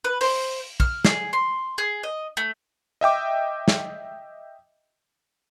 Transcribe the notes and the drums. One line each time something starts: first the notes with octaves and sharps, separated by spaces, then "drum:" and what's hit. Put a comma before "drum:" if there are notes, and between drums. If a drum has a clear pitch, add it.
B4
C5, drum: open hi-hat
F6, drum: kick
G#4, drum: snare
C6
G#4
D#5
A3
D#5 E5 G5 D6
drum: snare